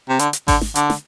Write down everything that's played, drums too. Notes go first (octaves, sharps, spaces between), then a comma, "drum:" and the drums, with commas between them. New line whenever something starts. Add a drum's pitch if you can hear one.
C3
D3, drum: hi-hat
drum: hi-hat
D3, drum: kick G#1, open hi-hat
drum: snare
D3, drum: hi-hat
drum: snare